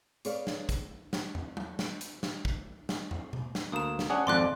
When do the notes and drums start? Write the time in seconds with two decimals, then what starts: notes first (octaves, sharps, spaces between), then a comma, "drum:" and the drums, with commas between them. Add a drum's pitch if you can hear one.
0.25 G#4 B4 C#5 D5 F5, drum: hi-hat
0.47 drum: snare
0.69 drum: kick, hi-hat
1.13 drum: snare
1.35 drum: tom
1.57 drum: tom F#3
1.79 drum: snare
2.01 drum: hi-hat
2.23 drum: snare
2.45 drum: kick
2.89 drum: snare
3.11 drum: tom
3.33 drum: tom B2
3.55 drum: snare
3.72 D2 A#3 D#6 E7
3.99 drum: snare
4.10 C#4 D4 G#4 F#5
4.27 G#1 F2 F3 D5 C6 D6 F#6